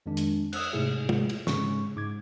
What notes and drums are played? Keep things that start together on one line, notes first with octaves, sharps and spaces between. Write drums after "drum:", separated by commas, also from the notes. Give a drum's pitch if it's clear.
F2 D#3 G#3 D4
drum: hi-hat
D#6 E6 F#6, drum: cymbal
G#2 C3 A3 E4 G#4
drum: tom
drum: cymbal
G#2 C#3 G#3 C#4 C#6, drum: snare
G#2 D6 G#6